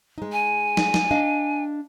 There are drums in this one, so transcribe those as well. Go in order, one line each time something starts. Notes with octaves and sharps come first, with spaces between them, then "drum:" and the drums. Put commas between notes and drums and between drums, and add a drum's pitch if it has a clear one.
G#3 D#4
G#5
drum: snare
drum: snare
D4 D#5 F5